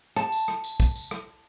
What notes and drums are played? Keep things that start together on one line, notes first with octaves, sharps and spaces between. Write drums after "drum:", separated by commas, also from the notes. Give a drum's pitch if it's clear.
A5, drum: rim click
drum: tambourine
drum: rim click
drum: tambourine
drum: kick, tambourine
drum: tambourine
drum: rim click